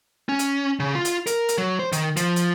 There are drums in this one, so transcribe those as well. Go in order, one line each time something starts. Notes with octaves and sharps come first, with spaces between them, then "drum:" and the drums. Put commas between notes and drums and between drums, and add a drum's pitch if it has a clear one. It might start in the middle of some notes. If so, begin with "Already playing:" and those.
C#4
drum: hi-hat
C#3
F4
drum: hi-hat
A#4, drum: hi-hat
drum: hi-hat
F#3
C5
D#3, drum: hi-hat
F3, drum: hi-hat
drum: hi-hat